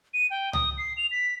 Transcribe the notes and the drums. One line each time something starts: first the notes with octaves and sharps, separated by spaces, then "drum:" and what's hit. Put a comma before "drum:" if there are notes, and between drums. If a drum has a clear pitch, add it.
D#7
G5
D#6, drum: tom C#2
C7
F7
B6